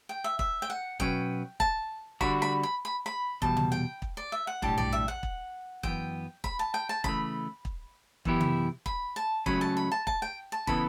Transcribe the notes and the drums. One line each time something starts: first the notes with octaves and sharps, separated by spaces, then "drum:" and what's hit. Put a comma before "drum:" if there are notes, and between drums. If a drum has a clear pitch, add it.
G5
E5
E5, drum: kick
G5
F#5
B2 F#3 C#4 F#4 B4 G5, drum: kick
A5, drum: kick
D3 G3 D4 F#4 B5, drum: kick
B5
B5
B5
B5
E2 B2 G3 A5, drum: kick
drum: tom
G5
drum: kick
D5
E5
F#5
B1 A2 G3 D4 G4 A5, drum: kick
D5, drum: tom A#1
E5
F#5
drum: kick
F#2 E3 B3 G5, drum: kick
B5, drum: kick
A5
G5
A5
C#3 E3 A3 B5, drum: kick
drum: kick
F#2 E3 B3 E4 G4, drum: kick
drum: tom
B5, drum: kick
A5
C#2 C#3 F#3 A3 C#4 B5, drum: kick
A5
B5
A5
A5, drum: kick
G5
A5
C#3 E3 B3 E4 A4 B5, drum: kick